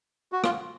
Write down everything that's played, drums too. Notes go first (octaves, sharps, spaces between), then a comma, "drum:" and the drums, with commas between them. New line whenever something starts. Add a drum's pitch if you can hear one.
F#4
F4, drum: rim click